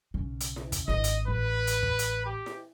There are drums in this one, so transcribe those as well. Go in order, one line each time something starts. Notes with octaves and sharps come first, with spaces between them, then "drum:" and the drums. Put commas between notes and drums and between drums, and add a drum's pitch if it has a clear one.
B1 C#3
drum: hi-hat
drum: snare E4
drum: kick, hi-hat
G#1 D4 D#5, drum: snare E4
drum: hi-hat
A1 B4
drum: hi-hat
drum: kick
drum: hi-hat
G4
drum: snare E4